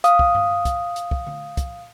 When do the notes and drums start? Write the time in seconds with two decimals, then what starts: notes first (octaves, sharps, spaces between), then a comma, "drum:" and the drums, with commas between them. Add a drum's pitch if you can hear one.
0.04 F5 D#6, drum: hi-hat
0.19 drum: kick
0.35 drum: tom G2
0.65 drum: kick, hi-hat
0.96 drum: hi-hat
1.11 drum: kick
1.27 drum: tom D3
1.57 drum: kick, hi-hat